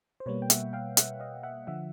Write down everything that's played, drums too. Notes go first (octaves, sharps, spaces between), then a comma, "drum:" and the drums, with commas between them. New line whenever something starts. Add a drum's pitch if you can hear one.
C5
B2 G3 A#3 B4 C#5
G5
E5 F#5, drum: hi-hat
F5 G5
E5 F#5, drum: hi-hat
D#5 F5
E5 F#5
D3 F3 E5 F#5